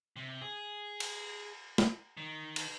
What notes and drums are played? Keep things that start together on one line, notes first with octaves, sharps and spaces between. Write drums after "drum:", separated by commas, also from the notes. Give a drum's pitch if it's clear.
C3
G#4
drum: cymbal
drum: snare
D#3
drum: cymbal